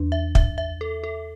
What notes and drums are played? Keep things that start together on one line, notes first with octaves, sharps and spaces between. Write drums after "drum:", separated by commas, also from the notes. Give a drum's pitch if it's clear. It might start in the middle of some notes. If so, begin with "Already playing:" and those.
Already playing: E2 E3 D4 B4
E5
E5, drum: kick
E5
A4
A4